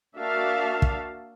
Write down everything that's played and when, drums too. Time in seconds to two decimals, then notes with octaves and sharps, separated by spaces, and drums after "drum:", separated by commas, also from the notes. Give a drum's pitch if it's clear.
0.16 A#3 D4 F#4 E5 F5 A5
0.82 drum: kick